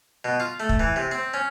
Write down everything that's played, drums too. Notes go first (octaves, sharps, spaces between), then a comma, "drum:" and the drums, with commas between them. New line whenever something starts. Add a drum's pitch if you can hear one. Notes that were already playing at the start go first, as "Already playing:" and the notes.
B2
F4
A3
drum: kick
E3
C3
C4
C#4